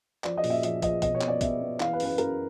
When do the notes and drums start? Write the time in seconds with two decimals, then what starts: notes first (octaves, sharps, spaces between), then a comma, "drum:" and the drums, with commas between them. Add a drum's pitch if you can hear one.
0.24 F3 D5, drum: clap
0.37 D#5
0.44 A#2, drum: open hi-hat
0.50 E5
0.63 F3 D#5, drum: hi-hat
0.82 F3 D#5, drum: kick, hi-hat
1.02 B2 D#5, drum: kick, hi-hat
1.15 C#5
1.21 B3, drum: clap
1.28 D5
1.41 B3 E5, drum: kick, hi-hat
1.61 B3
1.80 E3 F5, drum: clap
1.93 B4
2.00 F#2, drum: open hi-hat
2.05 B4
2.18 F#2 A#4, drum: hi-hat